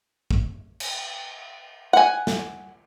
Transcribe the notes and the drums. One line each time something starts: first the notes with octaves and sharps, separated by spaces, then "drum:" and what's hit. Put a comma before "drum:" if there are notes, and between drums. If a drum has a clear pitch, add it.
drum: kick
drum: cymbal
F#5 G#5
drum: snare